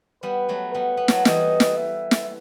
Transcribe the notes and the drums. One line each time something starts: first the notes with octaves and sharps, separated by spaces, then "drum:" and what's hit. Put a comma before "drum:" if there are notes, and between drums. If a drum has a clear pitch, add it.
G3 B3 B4
F#3 A3
G3 B3 F#5
B3
F#3 A3, drum: snare
E3 G3 D#5, drum: snare
drum: snare
E5
drum: snare